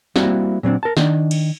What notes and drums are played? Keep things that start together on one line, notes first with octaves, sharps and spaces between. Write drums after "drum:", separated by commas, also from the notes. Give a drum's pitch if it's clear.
G3 A#3 C4 E4 F#4, drum: snare
A#2 F#3 C4 D4
A#4 A5
D#3 D4, drum: snare
drum: cymbal